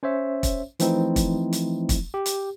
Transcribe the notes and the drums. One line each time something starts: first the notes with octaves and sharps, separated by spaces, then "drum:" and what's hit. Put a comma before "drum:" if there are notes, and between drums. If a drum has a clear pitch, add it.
C#4 C5 C#5 E5
drum: kick, hi-hat
E3 F3 A3 C4 D#4 E4, drum: hi-hat
drum: kick, hi-hat
drum: hi-hat
drum: kick, hi-hat
G4
drum: hi-hat